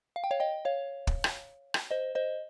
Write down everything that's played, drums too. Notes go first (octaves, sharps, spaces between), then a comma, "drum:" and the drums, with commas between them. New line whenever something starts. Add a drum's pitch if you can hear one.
F5
G5
C#5 F5
D#5 G5
C#5 F5
drum: kick
drum: rim click
drum: rim click
C5 D#5
C5 D#5